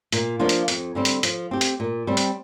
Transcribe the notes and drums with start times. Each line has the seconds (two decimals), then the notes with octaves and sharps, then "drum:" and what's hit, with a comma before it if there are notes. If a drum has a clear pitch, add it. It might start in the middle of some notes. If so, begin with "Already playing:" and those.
0.12 A#2, drum: hi-hat
0.39 F3 A#3 D4 F4
0.49 drum: hi-hat
0.68 F2, drum: hi-hat
0.95 D3 G3 C4
1.05 drum: hi-hat
1.23 F3, drum: hi-hat
1.51 C4 G4
1.61 drum: hi-hat
1.80 A#2
2.07 G3 C4
2.17 drum: hi-hat